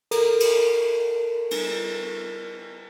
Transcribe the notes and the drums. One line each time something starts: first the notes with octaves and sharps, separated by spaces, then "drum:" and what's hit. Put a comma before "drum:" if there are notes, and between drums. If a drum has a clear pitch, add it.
A4 A#4, drum: cymbal
drum: cymbal
drum: cymbal